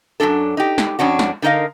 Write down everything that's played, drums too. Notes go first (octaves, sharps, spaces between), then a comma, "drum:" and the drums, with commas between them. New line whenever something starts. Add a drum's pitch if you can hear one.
F#2 C3 F#3 D4 A4
D#4 G4
drum: snare
F2 C#4 D4 F#4
drum: snare
D3 D#4 A#4 D#5 F5